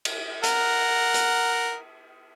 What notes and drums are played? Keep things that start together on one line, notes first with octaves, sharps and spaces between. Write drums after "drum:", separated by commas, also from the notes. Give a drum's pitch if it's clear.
drum: cymbal
A#4 F#5, drum: hi-hat
drum: hi-hat